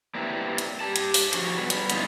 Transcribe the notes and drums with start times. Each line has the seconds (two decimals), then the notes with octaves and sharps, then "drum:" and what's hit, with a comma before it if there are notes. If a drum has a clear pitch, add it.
0.15 A#3 C4 D4 E4 G4 B4
0.58 drum: hi-hat
0.81 G4 A5
0.96 drum: hi-hat
1.14 drum: open hi-hat
1.33 F3 F#4 G#4, drum: hi-hat
1.57 G3 B3 B4
1.70 drum: hi-hat
1.90 F#2 B2 E3 D#4 F4, drum: hi-hat